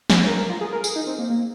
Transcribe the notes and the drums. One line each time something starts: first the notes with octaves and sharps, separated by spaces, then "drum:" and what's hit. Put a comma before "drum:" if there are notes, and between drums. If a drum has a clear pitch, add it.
G#4, drum: snare
A#4
A#4
F4
G#4
A#4
G#4, drum: tambourine
D#4
C4
A#3
A#3